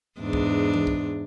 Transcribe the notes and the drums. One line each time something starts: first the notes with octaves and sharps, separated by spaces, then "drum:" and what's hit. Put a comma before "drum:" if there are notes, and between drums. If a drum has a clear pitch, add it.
E2 G#2 D4
drum: kick
drum: tom E3
drum: kick